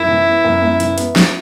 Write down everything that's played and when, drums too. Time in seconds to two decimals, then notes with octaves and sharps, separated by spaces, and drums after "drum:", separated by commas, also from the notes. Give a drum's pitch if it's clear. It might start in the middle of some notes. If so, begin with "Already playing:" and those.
Already playing: F#2 E4
0.08 E3
0.27 B3
0.44 F#2
0.62 F#2
0.80 E3, drum: hi-hat
0.98 B3, drum: hi-hat
1.16 drum: snare